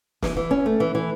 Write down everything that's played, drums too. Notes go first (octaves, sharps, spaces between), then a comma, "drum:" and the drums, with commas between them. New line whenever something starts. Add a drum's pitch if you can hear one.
E3, drum: snare
E3
C#4
A3
E3
E3